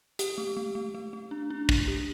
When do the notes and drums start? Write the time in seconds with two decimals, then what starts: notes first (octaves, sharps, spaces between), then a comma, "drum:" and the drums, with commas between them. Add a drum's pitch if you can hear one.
0.19 G4, drum: hi-hat
0.38 A3
0.57 A3
0.75 A3
0.95 A3
1.13 A3
1.31 D4
1.50 D4
1.69 D4, drum: kick
1.88 G4